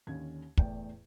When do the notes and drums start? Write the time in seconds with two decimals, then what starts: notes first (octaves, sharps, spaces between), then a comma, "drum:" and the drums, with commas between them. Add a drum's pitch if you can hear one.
0.07 D#2 D3 C#4 G#6
0.57 E2 A2 D5 G5, drum: kick